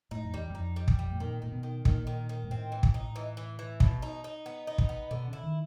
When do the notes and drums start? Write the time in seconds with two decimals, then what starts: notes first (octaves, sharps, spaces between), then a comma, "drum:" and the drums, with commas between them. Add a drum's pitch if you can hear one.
0.11 A2 D#4
0.24 F2
0.34 E2 G3
0.50 F#2
0.55 F2 D#4
0.76 G3
0.88 drum: kick
0.99 G3
1.11 A2
1.20 A#2 D#3
1.42 A#2 D#3
1.52 B2
1.63 D#3
1.85 A#2 D#3, drum: kick
2.07 D#3
2.29 D#3
2.44 G#2
2.50 A2 C4
2.72 E3
2.83 drum: kick
2.94 D#4
3.16 E3
3.37 E3
3.59 E3
3.80 B2, drum: kick
4.02 D#4
4.24 D#4
4.46 B3
4.67 D#4
4.78 drum: kick
4.89 B3
5.11 B2 D3
5.28 C#3
5.33 E4
5.44 D#3